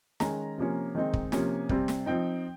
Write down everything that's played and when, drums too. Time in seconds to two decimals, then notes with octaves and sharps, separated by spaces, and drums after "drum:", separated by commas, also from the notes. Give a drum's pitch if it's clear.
0.20 D#3 G#3 C#4 A#5, drum: snare
0.58 C3 F3 A#3 C#4
0.95 D#3 G#3 C4 D#4
1.14 drum: kick
1.32 C3 F3 A#3 C#4 G#5, drum: snare
1.69 C3 G3 C4, drum: kick
1.88 drum: snare
2.06 F3 C4 D#4 G5